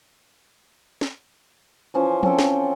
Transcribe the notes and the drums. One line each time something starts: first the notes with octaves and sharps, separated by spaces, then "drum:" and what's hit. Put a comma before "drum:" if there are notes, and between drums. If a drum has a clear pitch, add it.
drum: snare
E3 F3 C#4 C5
C4 C#4 A4 G5, drum: tom F3
drum: snare